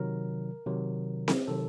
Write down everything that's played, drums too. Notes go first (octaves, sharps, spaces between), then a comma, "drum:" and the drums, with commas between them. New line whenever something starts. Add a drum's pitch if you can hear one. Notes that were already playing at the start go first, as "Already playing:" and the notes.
Already playing: C3 D#3 F#3 A#4
C3 D#3 F#3
drum: snare C4
C3 D#3 F#3 A4